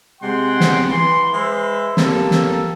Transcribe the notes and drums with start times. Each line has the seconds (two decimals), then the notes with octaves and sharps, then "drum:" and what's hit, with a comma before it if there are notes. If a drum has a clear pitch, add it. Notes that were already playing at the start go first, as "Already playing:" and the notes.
0.21 C3 G#3 F#5 G5 C6
0.60 drum: snare
0.87 E3 C6
1.33 G#3 B4 C5 E5
1.97 A#3 G4 A4, drum: snare
2.31 drum: snare